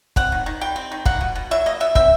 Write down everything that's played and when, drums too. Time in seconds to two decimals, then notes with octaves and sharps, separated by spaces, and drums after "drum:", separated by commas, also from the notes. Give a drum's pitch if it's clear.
0.16 C4 F#5, drum: kick
0.32 D#3
0.46 D#3
0.61 G3 G5
0.76 C4
0.92 D#3
1.06 A#3 F#5, drum: kick
1.21 B2
1.35 B2
1.51 F#3 E5
1.66 A#3 D#5
1.80 B2 E5
1.95 C4 E5, drum: kick